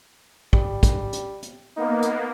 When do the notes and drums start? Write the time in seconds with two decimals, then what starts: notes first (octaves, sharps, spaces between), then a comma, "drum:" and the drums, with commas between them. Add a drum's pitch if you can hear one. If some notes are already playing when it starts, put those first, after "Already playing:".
0.53 G3, drum: kick
0.83 drum: kick, hi-hat
1.13 drum: hi-hat
1.43 drum: hi-hat
1.77 A#3 B3 D#4
2.02 drum: hi-hat